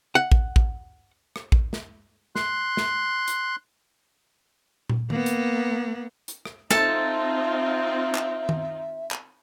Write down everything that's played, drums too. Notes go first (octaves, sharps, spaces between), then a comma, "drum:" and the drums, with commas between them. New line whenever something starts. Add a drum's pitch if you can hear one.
F#5
drum: kick A1
drum: kick A1
drum: rim click
drum: kick A1
drum: snare
C6 F#6, drum: snare
drum: snare
drum: hi-hat
drum: tom
A#3 B3, drum: tom D#3
drum: hi-hat
drum: hi-hat
drum: rim click
C4 D#4 F4 A4 E5 A5, drum: snare
drum: clap
drum: tom D#3
drum: clap